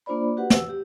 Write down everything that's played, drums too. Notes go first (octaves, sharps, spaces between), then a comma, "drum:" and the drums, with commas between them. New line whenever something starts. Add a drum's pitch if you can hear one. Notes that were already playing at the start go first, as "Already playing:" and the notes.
A#3 D4 F4 C5 D5 B5
F#4 G4 B4 F#5
E6, drum: snare
G4